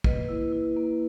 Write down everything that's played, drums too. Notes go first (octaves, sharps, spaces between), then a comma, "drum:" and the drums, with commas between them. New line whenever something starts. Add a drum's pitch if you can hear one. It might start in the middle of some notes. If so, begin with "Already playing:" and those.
A#3 B4 D#5, drum: kick
E4
E4
A#3